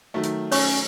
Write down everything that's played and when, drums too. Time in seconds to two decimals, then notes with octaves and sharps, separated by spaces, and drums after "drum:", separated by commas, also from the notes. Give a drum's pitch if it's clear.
0.14 D#3 F#3 A3
0.23 drum: hi-hat
0.52 C#4 C#5 C#6, drum: open hi-hat